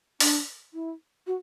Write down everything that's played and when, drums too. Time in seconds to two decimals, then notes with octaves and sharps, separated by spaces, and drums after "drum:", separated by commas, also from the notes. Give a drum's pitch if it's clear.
0.20 D4, drum: open hi-hat
0.74 E4
1.27 F#4